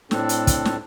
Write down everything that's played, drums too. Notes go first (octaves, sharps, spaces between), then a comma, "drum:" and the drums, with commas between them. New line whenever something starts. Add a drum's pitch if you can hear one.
A2 C4 D4 A4, drum: snare
drum: hi-hat
drum: kick, hi-hat
drum: snare